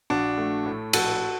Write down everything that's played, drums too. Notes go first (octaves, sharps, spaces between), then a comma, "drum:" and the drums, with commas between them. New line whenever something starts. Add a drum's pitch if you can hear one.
A#1 D4 F#4
A3
A2
A#1 F#4 A4, drum: cymbal